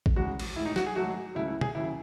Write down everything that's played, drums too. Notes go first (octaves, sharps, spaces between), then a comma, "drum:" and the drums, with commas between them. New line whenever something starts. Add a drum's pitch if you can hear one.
drum: kick A1
E2 C#3 G#3 F#4
drum: cymbal
A1 A2 G#3 E4
D#4
F#4, drum: snare
G#4
G#1 G#2 F#3 A3 F#4
C#2 C#3 F#3 A3 E4
E4
G#4, drum: tom B2
D#2 C#3 F#3 E4